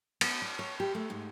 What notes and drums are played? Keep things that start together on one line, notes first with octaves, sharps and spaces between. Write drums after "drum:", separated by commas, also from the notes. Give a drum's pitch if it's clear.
B3, drum: cymbal
D5
C#5
G4
A3
G#2